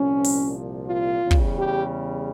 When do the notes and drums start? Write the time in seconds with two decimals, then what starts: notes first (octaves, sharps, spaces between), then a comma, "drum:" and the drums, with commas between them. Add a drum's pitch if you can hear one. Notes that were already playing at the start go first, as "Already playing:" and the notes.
Already playing: C2 A#2 F3 C#4
0.24 drum: open hi-hat
0.86 F4
1.21 E2 C#3 G3
1.31 drum: kick
1.58 G4